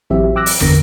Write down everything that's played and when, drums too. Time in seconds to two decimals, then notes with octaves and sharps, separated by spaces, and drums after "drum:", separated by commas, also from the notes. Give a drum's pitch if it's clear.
0.10 A1 E3 F#3 C4 G4 E5
0.36 G5 D6 E6 F#6 A#6
0.46 drum: open hi-hat
0.60 G1 E2 D3 B3 A#4 A#6, drum: rim click